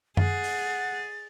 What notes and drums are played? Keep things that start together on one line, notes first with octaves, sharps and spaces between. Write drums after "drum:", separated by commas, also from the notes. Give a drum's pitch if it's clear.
G#4 F#5 A6, drum: tom F#2
drum: open hi-hat